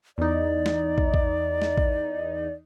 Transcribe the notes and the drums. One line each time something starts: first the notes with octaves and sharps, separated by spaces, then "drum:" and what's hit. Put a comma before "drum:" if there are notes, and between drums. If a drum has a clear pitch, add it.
E2 D#4 D5
drum: snare
drum: kick
drum: kick
drum: snare
drum: kick